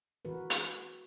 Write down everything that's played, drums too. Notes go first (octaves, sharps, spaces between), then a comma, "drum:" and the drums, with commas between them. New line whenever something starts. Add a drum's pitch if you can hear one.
E3 F#4 A#4 B4
drum: hi-hat